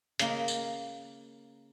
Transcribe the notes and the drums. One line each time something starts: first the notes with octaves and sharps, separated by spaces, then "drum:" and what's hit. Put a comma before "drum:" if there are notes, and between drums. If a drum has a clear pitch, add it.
C#3 A#3, drum: hi-hat
drum: tambourine